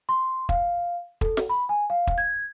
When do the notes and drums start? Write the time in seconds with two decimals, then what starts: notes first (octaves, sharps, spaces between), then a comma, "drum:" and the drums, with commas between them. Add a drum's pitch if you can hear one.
0.09 C6
0.49 F5, drum: kick
1.21 A4, drum: kick
1.37 drum: snare
1.49 B5
1.69 G#5
1.90 F5
2.07 drum: kick
2.18 G#6